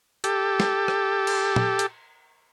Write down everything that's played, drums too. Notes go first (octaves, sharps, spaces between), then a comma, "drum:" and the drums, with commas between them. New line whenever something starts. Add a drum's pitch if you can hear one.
G4 A4, drum: hi-hat
drum: snare
drum: rim click
drum: cymbal
drum: tom
drum: hi-hat